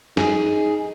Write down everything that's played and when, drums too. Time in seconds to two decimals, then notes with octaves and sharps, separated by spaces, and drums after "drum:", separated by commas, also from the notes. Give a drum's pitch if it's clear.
0.17 D#4 G#4, drum: snare